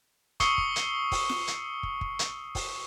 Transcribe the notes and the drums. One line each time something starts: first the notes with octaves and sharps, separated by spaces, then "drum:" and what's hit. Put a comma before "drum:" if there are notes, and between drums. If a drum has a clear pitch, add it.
C#6 D#6 E6 C7 C#7 G7, drum: kick, hi-hat
drum: kick
drum: hi-hat
drum: kick, open hi-hat
drum: snare F4
drum: hi-hat
drum: kick
drum: kick
drum: hi-hat
drum: kick, open hi-hat